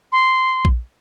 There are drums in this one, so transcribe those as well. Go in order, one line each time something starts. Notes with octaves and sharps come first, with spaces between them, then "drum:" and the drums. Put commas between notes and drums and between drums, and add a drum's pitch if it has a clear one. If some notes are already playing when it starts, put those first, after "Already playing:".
C6
drum: kick A#1